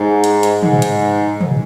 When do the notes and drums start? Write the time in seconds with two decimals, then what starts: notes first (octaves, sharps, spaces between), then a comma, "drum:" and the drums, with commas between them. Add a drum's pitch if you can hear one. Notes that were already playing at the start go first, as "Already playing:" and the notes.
Already playing: G#2
0.24 drum: hi-hat
0.43 drum: hi-hat
0.63 G#2, drum: tom
0.82 drum: hi-hat
1.41 drum: tom